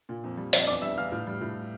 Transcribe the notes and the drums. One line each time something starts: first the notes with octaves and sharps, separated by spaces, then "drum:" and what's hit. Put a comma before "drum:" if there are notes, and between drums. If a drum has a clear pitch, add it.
A#2
F2
G3
F2, drum: open hi-hat
E2 D5 D6
G3 E5 E6
E2 F5 F6
A2
G3
A2